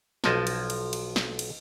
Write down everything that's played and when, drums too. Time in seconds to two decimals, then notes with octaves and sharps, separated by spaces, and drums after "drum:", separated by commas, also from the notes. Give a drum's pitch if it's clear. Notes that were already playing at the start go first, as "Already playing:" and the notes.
0.24 B1 F3 D#5 A5, drum: snare
0.47 drum: cymbal
0.70 drum: cymbal
0.93 drum: cymbal
1.16 drum: snare
1.39 drum: cymbal